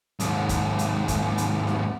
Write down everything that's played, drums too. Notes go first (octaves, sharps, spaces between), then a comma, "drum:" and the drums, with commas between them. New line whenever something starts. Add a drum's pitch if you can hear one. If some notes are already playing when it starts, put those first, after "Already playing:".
D#2 G#2, drum: hi-hat
drum: kick F1, hi-hat
drum: hi-hat
drum: kick F1, hi-hat
drum: hi-hat
drum: snare D#4